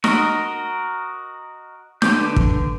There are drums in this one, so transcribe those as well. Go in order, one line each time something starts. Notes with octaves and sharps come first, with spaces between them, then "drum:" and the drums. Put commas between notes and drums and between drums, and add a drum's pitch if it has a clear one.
F#4 A#4 D#5, drum: snare
D3 B4 D6 G6, drum: snare
drum: kick